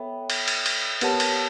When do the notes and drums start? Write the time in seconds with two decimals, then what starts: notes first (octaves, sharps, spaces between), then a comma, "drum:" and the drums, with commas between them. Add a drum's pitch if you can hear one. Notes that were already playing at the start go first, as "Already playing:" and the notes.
Already playing: B3 A4 C#5 E5 G5 B5
0.30 drum: cymbal
0.48 drum: cymbal
0.66 drum: cymbal
1.01 B3 G4 A#4 C#5 F#5 A5, drum: cymbal
1.20 drum: cymbal